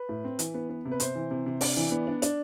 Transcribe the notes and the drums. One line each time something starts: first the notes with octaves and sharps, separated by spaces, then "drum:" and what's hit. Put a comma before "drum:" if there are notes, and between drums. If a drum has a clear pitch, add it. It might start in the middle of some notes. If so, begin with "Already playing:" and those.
Already playing: B4
A2
C4
E3, drum: hi-hat
B3
B3
C3
B4
C3 C5, drum: hi-hat
E3
C3
C3
D4 D5, drum: open hi-hat
E3
B3
D4
D4, drum: hi-hat